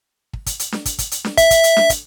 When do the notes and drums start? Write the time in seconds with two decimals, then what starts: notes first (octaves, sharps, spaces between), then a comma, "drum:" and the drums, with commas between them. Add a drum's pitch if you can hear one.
0.33 drum: kick
0.46 drum: kick, hi-hat
0.59 drum: hi-hat
0.72 drum: snare D4
0.85 drum: kick, hi-hat
0.98 drum: kick, hi-hat
1.12 drum: hi-hat
1.25 drum: snare D4
1.38 E5, drum: kick, hi-hat
1.51 drum: kick, hi-hat
1.64 drum: hi-hat
1.77 drum: snare D4
1.90 drum: kick, hi-hat